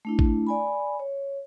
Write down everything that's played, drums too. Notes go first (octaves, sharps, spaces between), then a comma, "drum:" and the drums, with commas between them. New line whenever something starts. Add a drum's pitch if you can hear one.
A3 D4 E4
drum: kick A1
D5 G#5 B5
C#5